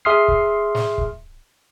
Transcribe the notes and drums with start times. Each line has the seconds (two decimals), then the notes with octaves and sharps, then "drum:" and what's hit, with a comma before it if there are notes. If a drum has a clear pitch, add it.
0.05 G#4 E5 C6 D#6 F6 C7
0.28 drum: kick C#1
0.75 drum: snare
0.98 drum: kick C#1